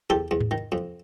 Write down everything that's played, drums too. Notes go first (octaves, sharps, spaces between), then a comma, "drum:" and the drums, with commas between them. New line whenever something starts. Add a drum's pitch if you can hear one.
E2 G4 A4
E2
drum: tom G#2
D#3
F2